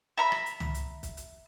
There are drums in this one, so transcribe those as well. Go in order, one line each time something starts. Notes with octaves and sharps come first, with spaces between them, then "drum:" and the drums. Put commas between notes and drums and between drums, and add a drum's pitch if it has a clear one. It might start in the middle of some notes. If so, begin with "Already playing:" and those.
E5 A#5 B5
drum: rim click
drum: hi-hat
drum: tom
drum: hi-hat
drum: kick, hi-hat
drum: hi-hat